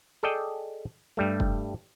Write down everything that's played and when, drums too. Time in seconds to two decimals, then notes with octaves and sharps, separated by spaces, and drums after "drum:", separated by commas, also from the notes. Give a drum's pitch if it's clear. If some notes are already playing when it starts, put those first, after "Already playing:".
0.23 G#4 A4 D5 D#5 G5
1.17 G2 G3 A3
1.40 drum: kick F1